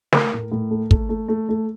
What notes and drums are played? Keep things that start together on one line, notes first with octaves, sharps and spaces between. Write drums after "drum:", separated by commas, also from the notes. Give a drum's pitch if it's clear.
A3 A#4, drum: snare
A2
A2
A3
A3, drum: kick
A3
A3
A3